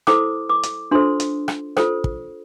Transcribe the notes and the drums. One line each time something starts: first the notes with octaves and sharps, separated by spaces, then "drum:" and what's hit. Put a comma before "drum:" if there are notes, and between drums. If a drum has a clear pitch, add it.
E4 A4 C5 D6, drum: rim click
D6
drum: hi-hat
D4 F4 A4 C5 C6
drum: hi-hat
drum: rim click
F4 A4 C5, drum: rim click
drum: kick